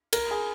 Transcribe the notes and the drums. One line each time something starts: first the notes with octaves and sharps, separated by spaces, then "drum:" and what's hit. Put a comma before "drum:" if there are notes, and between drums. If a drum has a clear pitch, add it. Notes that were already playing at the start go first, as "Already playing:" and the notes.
A#4, drum: cymbal
G#4